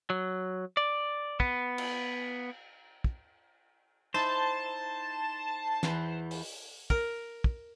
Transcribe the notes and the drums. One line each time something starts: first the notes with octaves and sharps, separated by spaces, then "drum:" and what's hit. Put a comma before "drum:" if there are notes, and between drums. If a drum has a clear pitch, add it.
F#3
D5
B3, drum: kick
drum: cymbal
drum: kick
D#4 E4 C5 A5
E2 E3 C6, drum: snare
drum: open hi-hat
A#4, drum: kick
drum: kick